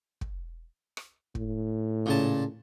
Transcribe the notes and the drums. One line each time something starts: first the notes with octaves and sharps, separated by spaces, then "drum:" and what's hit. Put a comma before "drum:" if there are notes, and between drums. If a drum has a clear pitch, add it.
drum: kick
drum: rim click
A2, drum: kick
A#2 C#3 A5